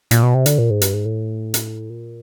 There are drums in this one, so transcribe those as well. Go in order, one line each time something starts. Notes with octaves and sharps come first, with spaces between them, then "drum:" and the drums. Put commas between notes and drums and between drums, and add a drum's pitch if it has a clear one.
A#2, drum: hi-hat
B2
C3
D3, drum: hi-hat
A#2
G#2
G2, drum: hi-hat
G#2
A2
drum: hi-hat
A#2